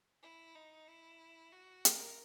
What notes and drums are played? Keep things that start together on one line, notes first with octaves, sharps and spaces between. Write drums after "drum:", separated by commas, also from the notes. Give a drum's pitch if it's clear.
E4
D#4
E4
F#4
A#4, drum: hi-hat